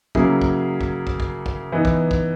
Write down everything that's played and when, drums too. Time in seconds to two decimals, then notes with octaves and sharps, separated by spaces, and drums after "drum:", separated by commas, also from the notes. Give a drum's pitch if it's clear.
0.15 C#3 F#3 A#3 E4 G#4, drum: kick
0.42 drum: kick
0.81 drum: kick
1.07 drum: kick
1.20 drum: kick
1.46 drum: kick
1.72 E3 B3 D#4
1.85 drum: kick
2.11 drum: kick